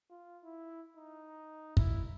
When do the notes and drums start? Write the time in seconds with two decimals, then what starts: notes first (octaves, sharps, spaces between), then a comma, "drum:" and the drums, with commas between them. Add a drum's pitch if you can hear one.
0.10 F4
0.44 E4
0.96 D#4
1.77 E4, drum: kick